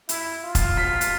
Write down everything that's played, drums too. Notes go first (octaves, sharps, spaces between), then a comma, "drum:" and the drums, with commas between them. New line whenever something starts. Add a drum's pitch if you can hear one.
E4, drum: hi-hat
F4
drum: kick, hi-hat
B6
drum: hi-hat